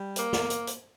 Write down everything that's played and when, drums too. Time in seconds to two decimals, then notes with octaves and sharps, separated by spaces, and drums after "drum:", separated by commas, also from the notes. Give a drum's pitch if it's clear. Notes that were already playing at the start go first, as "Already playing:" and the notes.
Already playing: G3
0.16 A#3, drum: hi-hat
0.33 drum: snare
0.50 drum: hi-hat
0.67 drum: hi-hat